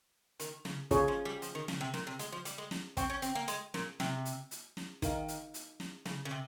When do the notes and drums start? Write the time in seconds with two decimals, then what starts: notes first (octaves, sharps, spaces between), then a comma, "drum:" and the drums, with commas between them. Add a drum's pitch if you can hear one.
0.40 D#3, drum: hi-hat
0.65 C#3, drum: snare
0.91 C#3 C#4 F4 G#4 C#5, drum: kick, hi-hat
1.08 F3
1.25 G3
1.42 F3, drum: hi-hat
1.55 D#3
1.68 C#3, drum: snare
1.81 C3
1.94 A#2, drum: snare
2.07 C3
2.19 G#3, drum: hi-hat
2.32 F3
2.45 G3, drum: hi-hat
2.58 G#3
2.71 drum: snare
2.97 C4 C5 G5 C#6, drum: kick, hi-hat
3.10 C#4
3.22 C4, drum: hi-hat
3.35 A#3
3.48 G#3, drum: hi-hat
3.74 A#2, drum: snare
4.00 C3, drum: snare
4.25 drum: hi-hat
4.51 drum: hi-hat
4.77 drum: snare
5.02 D#3 D#4 A#4 F5 A#5, drum: kick, hi-hat
5.28 drum: hi-hat
5.54 drum: hi-hat
5.80 drum: snare
6.06 C#3, drum: snare
6.25 C#3
6.31 C3